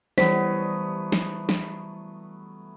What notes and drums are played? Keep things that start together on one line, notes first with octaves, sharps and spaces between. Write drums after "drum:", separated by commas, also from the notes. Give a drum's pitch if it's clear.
E3 F#3 G3 A3 B3 C5 B6, drum: snare
drum: snare
drum: snare